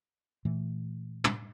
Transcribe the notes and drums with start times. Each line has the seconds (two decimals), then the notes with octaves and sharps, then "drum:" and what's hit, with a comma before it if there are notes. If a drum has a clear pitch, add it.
0.45 A#2 E3 A3
1.24 drum: tom